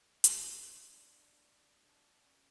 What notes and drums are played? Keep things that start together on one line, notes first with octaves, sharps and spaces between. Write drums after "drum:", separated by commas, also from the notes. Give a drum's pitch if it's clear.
E4, drum: hi-hat
D4
D4
C#4